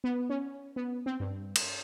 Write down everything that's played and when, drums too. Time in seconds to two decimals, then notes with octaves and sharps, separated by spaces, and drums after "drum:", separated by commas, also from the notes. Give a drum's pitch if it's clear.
0.04 B3
0.30 C#4
0.76 B3
1.06 C4
1.20 G2
1.56 E7, drum: cymbal